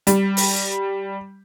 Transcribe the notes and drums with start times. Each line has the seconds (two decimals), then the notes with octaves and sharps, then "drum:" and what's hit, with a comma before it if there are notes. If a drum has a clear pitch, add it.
0.07 G3, drum: hi-hat
0.37 drum: open hi-hat